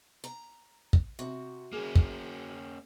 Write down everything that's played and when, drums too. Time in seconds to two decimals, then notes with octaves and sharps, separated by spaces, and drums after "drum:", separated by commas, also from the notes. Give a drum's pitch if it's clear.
0.24 A#5
0.93 drum: kick
1.19 C3 F#4
1.72 A#3 C#4 G#4
1.96 drum: kick